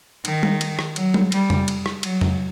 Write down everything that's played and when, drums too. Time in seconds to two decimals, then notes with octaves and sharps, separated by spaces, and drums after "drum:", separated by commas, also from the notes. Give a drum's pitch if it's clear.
0.25 D#3, drum: cymbal
0.43 drum: tom G3
0.61 drum: cymbal
0.79 drum: rim click
0.96 F#3, drum: cymbal
1.14 drum: tom G3
1.32 G3, drum: cymbal
1.50 drum: tom
1.68 drum: cymbal
1.86 drum: rim click
2.03 F#3, drum: cymbal
2.21 drum: tom